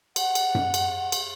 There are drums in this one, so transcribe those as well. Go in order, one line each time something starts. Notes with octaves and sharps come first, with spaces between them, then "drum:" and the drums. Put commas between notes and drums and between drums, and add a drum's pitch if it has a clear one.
F#5, drum: cymbal
drum: cymbal
drum: tom F#2
drum: cymbal
drum: cymbal